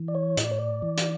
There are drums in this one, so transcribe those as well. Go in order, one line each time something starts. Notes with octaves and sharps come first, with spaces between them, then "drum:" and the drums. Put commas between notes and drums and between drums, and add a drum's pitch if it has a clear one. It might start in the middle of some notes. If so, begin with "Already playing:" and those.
Already playing: E3
D5
C#5
A2 D#5, drum: hi-hat
D5
C#5
D5
E3
drum: hi-hat